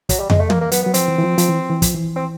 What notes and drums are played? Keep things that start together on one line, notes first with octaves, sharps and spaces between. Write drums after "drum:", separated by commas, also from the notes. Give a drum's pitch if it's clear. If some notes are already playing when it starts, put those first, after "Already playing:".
F#3, drum: kick, hi-hat
G3
G#3, drum: tom
A3
A#3, drum: tom
A#3
F#3 B3, drum: hi-hat
B3
F#3
F3 C4, drum: hi-hat
E3
E3
F3
F3, drum: hi-hat
E3
E3
F3, drum: kick, hi-hat
E3
C4